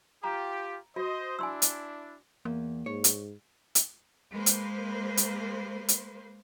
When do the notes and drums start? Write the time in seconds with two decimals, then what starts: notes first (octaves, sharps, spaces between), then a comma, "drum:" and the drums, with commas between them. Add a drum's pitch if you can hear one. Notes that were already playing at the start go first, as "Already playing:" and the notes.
0.24 F4 G4 A#5
0.96 F#4 C5 D#5
1.39 D4 E4 G#5 C6 E6
1.62 drum: hi-hat
2.45 E2 A#3
2.86 G#2 C#5
3.04 drum: hi-hat
3.75 drum: hi-hat
4.32 G#3 A#3 B4 C5
4.46 drum: hi-hat
5.17 drum: hi-hat
5.88 drum: hi-hat